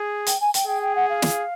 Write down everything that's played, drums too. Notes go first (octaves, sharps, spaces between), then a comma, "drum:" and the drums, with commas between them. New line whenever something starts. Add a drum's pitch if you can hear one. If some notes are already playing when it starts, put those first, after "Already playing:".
Already playing: G#4
G5, drum: hi-hat
G#5
G5, drum: hi-hat
G#4 G5
G5
F#5
F5
drum: snare